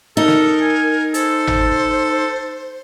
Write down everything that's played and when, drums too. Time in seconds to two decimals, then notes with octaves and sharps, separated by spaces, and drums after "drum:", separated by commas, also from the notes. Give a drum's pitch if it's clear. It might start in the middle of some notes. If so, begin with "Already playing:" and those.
0.17 D#4 A4 A#4
0.28 drum: snare
0.61 G#5
1.14 A4 C5, drum: hi-hat
1.47 drum: tom G#1